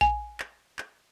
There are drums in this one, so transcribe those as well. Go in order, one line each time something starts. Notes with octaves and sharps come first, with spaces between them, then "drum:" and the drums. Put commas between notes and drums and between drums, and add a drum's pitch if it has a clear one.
G#5, drum: kick A#1
drum: clap
drum: clap